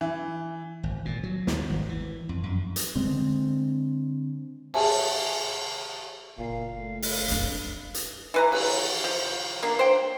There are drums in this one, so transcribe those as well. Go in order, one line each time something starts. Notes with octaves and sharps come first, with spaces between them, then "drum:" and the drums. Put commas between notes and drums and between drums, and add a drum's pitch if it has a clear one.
E3
G#1
A#2
F#3
D#2, drum: snare
G#1
E3
F2
F#2
drum: hi-hat
D3 G#3 C4
G#4 E5 G#5 A5, drum: cymbal
F#1 A#2 F5
A3
drum: open hi-hat
F2 D4, drum: hi-hat
drum: hi-hat
E3 B4 A#5
drum: cymbal
F3
A#3 D4
C5 G5